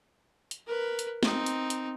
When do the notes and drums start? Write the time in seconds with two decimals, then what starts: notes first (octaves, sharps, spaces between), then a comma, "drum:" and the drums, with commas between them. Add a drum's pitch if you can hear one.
0.51 drum: hi-hat
0.67 A#4 B4
0.99 drum: hi-hat
1.23 C4 D#4, drum: snare
1.46 drum: hi-hat
1.70 drum: hi-hat